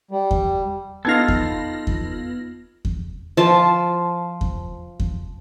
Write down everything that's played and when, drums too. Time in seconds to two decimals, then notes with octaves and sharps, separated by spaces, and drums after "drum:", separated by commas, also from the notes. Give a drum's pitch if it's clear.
0.11 G3
0.31 drum: kick E2
1.05 B3 D#4 F4 A4 F5 G#6 A#6
1.28 drum: kick E2
1.87 drum: kick E2
2.85 drum: kick E2
3.37 F3 A5
4.41 drum: kick E2
5.00 drum: kick E2